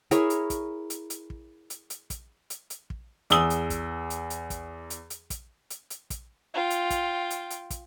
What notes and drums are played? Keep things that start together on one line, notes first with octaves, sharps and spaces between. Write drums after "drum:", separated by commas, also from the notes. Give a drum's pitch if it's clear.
E4 G#4 A#4 C#5, drum: hi-hat
drum: hi-hat
drum: kick, hi-hat
drum: hi-hat
drum: hi-hat
drum: kick
drum: hi-hat
drum: hi-hat
drum: kick, hi-hat
drum: hi-hat
drum: hi-hat
drum: kick
E2 D#6 E6 G7, drum: hi-hat
drum: hi-hat
drum: kick, hi-hat
drum: hi-hat
drum: hi-hat
drum: kick, hi-hat
drum: hi-hat
drum: hi-hat
drum: kick, hi-hat
drum: hi-hat
drum: hi-hat
drum: kick, hi-hat
F4 G5
drum: hi-hat
drum: kick, hi-hat
drum: hi-hat
drum: hi-hat
drum: kick, hi-hat